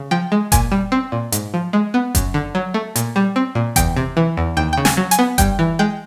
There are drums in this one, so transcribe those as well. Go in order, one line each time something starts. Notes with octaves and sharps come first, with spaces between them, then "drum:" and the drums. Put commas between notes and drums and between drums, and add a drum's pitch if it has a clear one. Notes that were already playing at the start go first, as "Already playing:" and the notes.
Already playing: C#3
F3 G5
G#3
A#2 G#5, drum: kick F#1, hi-hat
G3
C4
A#2
G#2, drum: hi-hat
F3
G#3
B3
F#2, drum: kick F#1, hi-hat
D3
F#3
A3
A#2, drum: hi-hat
G3
C4
A#2
E2 G5, drum: kick F#1, hi-hat
C3
E3
E2
D#2 G5
C#3 G5
G#5, drum: snare
F#3
G#5, drum: hi-hat
B3
G2 G5, drum: kick F#1, hi-hat
E3
G#3 G5